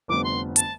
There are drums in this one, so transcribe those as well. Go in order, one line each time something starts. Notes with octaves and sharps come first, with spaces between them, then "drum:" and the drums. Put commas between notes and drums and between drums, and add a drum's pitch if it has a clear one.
F1 F2 D3 G3 B3 D6
C6
A5, drum: hi-hat